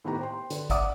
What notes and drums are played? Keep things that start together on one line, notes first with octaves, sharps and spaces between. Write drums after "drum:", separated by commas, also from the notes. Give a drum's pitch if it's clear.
A2 D#3 B3 G4 A#5
C5 G5 C6
D3 B4, drum: hi-hat
D5 E5 F#5 D6 D#6, drum: kick G#1, hi-hat